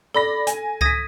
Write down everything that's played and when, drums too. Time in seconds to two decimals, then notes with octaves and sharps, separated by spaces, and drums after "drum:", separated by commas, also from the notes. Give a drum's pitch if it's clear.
0.15 A4 D5 B5 A#6
0.47 G#5, drum: hi-hat
0.81 D#6 G#6 A#6 B6 D#7, drum: kick C#2